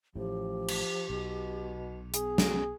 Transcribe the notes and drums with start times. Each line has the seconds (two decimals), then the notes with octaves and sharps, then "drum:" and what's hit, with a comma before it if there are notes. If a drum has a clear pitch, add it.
0.16 A1 A2 F3 G4
0.68 drum: cymbal
1.10 B1 B2
2.14 B3 G#4, drum: hi-hat
2.38 drum: snare